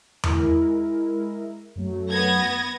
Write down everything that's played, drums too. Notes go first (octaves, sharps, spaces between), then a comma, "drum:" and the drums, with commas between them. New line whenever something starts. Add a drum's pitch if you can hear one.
G#3 E4 A#4, drum: tom E2
F#2 F#3 A3
B3 G#6 A#6